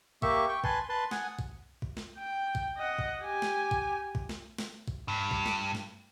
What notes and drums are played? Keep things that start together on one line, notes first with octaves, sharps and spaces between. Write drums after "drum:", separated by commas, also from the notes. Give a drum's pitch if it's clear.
A#3 G4 E5 C#6, drum: kick A#1
G5 C#6
B4 G#5 A5 C6, drum: kick A#1
B4 A5 C6
F#5 G#5 D#6, drum: snare
drum: kick A#1
drum: kick A#1
drum: snare
G5
drum: kick A#1
D#5 F#5
drum: kick A#1
G4 G#5
drum: snare
drum: kick A#1
drum: kick A#1
drum: snare
drum: snare
drum: kick A#1
G2
drum: kick A#1
drum: snare
drum: snare